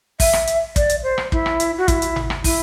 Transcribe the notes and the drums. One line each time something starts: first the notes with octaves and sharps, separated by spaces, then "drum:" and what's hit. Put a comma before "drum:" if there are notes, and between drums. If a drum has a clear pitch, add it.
E5, drum: kick, open hi-hat
drum: rim click
drum: hi-hat
D5, drum: kick, hi-hat
drum: hi-hat
C5
drum: rim click
E4, drum: kick
drum: rim click
drum: hi-hat
F#4
E4, drum: kick, hi-hat
drum: hi-hat
drum: tom G#1
drum: rim click
E4, drum: kick, open hi-hat